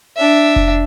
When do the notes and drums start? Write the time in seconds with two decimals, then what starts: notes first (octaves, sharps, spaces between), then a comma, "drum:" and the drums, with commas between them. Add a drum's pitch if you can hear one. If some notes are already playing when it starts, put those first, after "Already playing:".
0.17 D4 E5
0.56 drum: kick F1